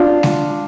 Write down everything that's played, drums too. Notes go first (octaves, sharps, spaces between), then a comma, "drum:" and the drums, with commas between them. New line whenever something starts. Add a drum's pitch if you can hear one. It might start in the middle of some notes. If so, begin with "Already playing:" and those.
Already playing: D4 F4
drum: snare G#3